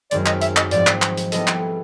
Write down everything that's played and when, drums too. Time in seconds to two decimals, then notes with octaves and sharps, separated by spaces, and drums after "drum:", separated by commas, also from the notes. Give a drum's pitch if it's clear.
0.11 F#2 D#3 G#3 C4 D5, drum: hi-hat
0.26 D#5, drum: clap
0.41 E5, drum: hi-hat
0.56 D#5, drum: clap
0.71 G#2 F3 G#3 C4 D5, drum: hi-hat
0.87 drum: clap
1.02 drum: clap
1.17 drum: hi-hat
1.32 G3 B3 E4 A4 D#5, drum: hi-hat
1.47 drum: clap